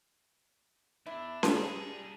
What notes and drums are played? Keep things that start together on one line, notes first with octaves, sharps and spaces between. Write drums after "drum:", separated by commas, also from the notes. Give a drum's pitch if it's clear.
E2 D4 E4
drum: snare C#4
G3 D#4 G#4 A4